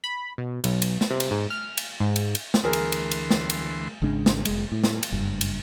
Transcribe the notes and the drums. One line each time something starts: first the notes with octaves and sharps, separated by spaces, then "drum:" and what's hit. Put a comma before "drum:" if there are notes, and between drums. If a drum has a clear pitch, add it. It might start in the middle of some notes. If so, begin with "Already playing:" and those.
B5
B2
B1, drum: cymbal
drum: cymbal
drum: snare
C3
drum: cymbal
G#2
F6
drum: cymbal
G#2
drum: cymbal
drum: cymbal
drum: snare
D2 E3 G#4 A#4 C6
drum: cymbal
drum: cymbal
drum: cymbal
drum: snare
drum: cymbal
G#1 C#3 G#3 D4
drum: snare
F1 G#3, drum: cymbal
A2
drum: snare
drum: cymbal
F#1 G2
drum: cymbal